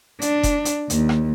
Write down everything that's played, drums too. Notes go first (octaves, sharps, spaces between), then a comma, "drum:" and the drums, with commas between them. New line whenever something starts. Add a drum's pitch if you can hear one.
D4, drum: hi-hat
drum: kick F1, hi-hat
drum: hi-hat
D#2, drum: hi-hat
drum: rim click